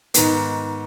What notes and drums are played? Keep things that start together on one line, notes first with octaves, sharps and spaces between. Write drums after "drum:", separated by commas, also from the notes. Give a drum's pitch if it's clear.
G#2 D#3 B3, drum: hi-hat